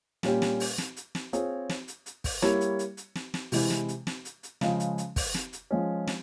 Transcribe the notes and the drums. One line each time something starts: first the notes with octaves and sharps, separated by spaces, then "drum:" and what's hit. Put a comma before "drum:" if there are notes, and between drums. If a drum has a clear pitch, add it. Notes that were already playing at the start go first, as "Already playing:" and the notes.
A#2 G3 C#4 G4, drum: snare
drum: snare
drum: open hi-hat
drum: snare
drum: hi-hat
drum: snare
C4 F4 G#4 C#5, drum: hi-hat
drum: snare
drum: hi-hat
drum: hi-hat
drum: kick, open hi-hat
G3 A#3 E4 G4 C#5, drum: snare
drum: hi-hat
drum: hi-hat
drum: hi-hat
drum: snare
drum: snare
C3 E3 G#3 E4, drum: open hi-hat
drum: snare
drum: hi-hat
drum: snare
drum: hi-hat
drum: hi-hat
C#3 F3 G#3, drum: snare
drum: hi-hat
drum: hi-hat
drum: kick, open hi-hat
drum: snare
drum: hi-hat
F3 G#3 C#4
drum: snare